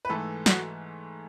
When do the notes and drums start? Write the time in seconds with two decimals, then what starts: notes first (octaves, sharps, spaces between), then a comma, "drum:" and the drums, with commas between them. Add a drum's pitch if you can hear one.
0.05 B4
0.09 G#2 E3 A3 A4
0.46 F#4, drum: snare